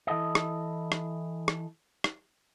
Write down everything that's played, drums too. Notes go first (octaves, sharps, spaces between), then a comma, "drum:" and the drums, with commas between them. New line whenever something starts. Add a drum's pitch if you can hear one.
E3 E4 A4 D#5
drum: rim click
drum: rim click
drum: rim click
drum: rim click